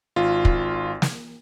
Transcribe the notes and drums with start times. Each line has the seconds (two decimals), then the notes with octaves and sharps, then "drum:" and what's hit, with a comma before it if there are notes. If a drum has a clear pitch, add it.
0.16 G#1 F4
0.45 drum: kick
1.02 drum: snare